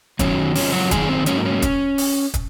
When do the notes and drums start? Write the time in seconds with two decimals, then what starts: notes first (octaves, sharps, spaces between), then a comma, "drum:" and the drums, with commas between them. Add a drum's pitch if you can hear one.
0.19 F#2 D#3 F#3 C#4, drum: kick, hi-hat
0.55 F2 C#3 F3 C#4, drum: open hi-hat
0.72 F#3 F#4
0.91 F#2 D#3 G#3 G#4, drum: kick, hi-hat
1.09 C4
1.26 G#2 F#3 A#3 C#4, drum: hi-hat
1.36 D#4
1.45 C#4
1.62 drum: kick, hi-hat
1.98 drum: open hi-hat
2.34 drum: kick, hi-hat